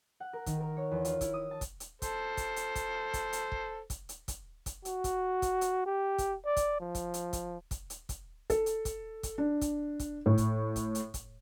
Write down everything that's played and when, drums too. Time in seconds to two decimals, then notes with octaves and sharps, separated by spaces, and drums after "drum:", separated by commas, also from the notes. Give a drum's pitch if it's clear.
0.20 F#5
0.33 A#4
0.46 D#3, drum: kick, hi-hat
0.60 A#4
0.77 C#5
0.91 E2
1.05 F4, drum: hi-hat
1.21 E4, drum: kick, hi-hat
1.34 D#6
1.51 A5
1.61 drum: kick, hi-hat
1.80 drum: hi-hat
2.02 A4 C5, drum: kick, hi-hat
2.37 drum: kick, hi-hat
2.56 drum: hi-hat
2.75 drum: kick, hi-hat
3.14 drum: kick, hi-hat
3.33 drum: hi-hat
3.52 drum: kick
3.90 drum: kick, hi-hat
4.09 drum: hi-hat
4.28 drum: kick, hi-hat
4.66 drum: kick, hi-hat
4.85 F#4, drum: hi-hat
5.04 drum: kick, hi-hat
5.42 drum: kick, hi-hat
5.61 drum: hi-hat
5.86 G4
6.18 drum: kick, hi-hat
6.46 D5
6.57 drum: kick, hi-hat
6.80 F3
6.95 drum: kick, hi-hat
7.14 drum: hi-hat
7.33 drum: kick, hi-hat
7.71 drum: kick, hi-hat
7.90 drum: hi-hat
8.09 drum: kick, hi-hat
8.50 A4, drum: kick, hi-hat
8.66 drum: hi-hat
8.85 drum: kick, hi-hat
9.23 drum: kick, hi-hat
9.38 D4
9.61 drum: kick, hi-hat
9.99 drum: kick, hi-hat
10.26 A2
10.38 drum: kick, hi-hat
10.76 drum: kick, hi-hat
10.95 drum: hi-hat
11.14 drum: kick, hi-hat